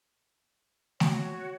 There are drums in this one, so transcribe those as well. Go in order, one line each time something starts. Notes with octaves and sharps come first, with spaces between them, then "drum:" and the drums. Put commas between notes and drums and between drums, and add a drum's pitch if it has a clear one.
F#4 C#5, drum: snare A3